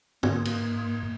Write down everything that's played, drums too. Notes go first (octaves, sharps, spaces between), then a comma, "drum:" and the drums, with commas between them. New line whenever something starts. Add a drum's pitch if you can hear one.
G#2 A#3, drum: tom
drum: cymbal